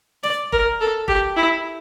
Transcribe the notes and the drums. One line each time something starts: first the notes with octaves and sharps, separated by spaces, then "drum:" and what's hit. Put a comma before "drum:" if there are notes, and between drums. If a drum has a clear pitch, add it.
D5, drum: snare
A#4, drum: kick F1
A4
G4, drum: kick F1
E4